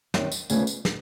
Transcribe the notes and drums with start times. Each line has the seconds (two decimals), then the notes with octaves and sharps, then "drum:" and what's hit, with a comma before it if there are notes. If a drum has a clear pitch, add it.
0.14 F#2 D#3 G3 C4, drum: snare
0.32 drum: tambourine
0.50 D2 C#3 F3 G#3 B3, drum: tambourine
0.67 drum: tambourine
0.85 drum: snare